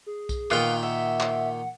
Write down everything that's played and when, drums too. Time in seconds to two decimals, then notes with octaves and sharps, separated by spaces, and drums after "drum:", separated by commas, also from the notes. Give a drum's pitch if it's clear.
0.06 G#4
0.29 drum: kick B1, tambourine
0.50 A#2 D#3 B3 F4 F5 G5
0.83 E5 F#5
1.20 drum: clap